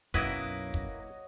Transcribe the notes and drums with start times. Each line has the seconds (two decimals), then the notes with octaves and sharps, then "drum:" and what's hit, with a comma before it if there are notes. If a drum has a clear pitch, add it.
0.14 B1 F#2 A#3 E4 F#4 B4 C#5 D#5, drum: kick
0.74 drum: kick